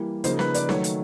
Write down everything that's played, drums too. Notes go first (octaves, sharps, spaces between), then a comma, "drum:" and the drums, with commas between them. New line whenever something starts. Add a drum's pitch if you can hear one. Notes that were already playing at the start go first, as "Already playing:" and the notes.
Already playing: E3 G3 A#3
C#3 F3 A#3 D#4 C5, drum: hi-hat
B4, drum: snare
D5, drum: hi-hat
D#3 F#3 A3 C#5, drum: snare
drum: hi-hat